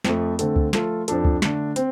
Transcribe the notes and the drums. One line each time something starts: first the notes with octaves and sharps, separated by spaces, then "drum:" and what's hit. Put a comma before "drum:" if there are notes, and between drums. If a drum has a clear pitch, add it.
F2 F3 A3, drum: snare
D3 A3 C4 A4, drum: hi-hat
drum: kick C#2
F3 A3 F4 A4, drum: snare
F2 F3 D4 A4, drum: hi-hat
drum: kick C#2
D3 A3 D4, drum: snare
C4, drum: hi-hat